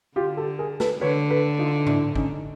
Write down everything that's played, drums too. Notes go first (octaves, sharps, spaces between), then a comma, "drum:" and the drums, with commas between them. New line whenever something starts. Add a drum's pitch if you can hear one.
D3 F4 G4
G4 A4
G#4 A#4
A4 B4, drum: snare
D3 B4 C#5
A4 B4
D#4 F4
D4 E4, drum: tom G#2
C#4 D#4, drum: kick